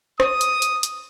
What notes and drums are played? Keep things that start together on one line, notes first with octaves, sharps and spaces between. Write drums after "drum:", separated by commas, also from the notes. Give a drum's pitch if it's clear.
D#6, drum: rim click
drum: hi-hat
drum: hi-hat
drum: hi-hat